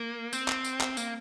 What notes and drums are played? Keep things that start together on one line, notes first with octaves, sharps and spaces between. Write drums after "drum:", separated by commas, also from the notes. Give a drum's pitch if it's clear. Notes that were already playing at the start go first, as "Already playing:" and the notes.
Already playing: A#3
C4, drum: tambourine
drum: clap
drum: tambourine
drum: clap
A#3, drum: tambourine